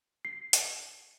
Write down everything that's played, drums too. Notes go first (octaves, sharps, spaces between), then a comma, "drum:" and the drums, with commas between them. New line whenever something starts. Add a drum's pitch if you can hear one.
C7
drum: hi-hat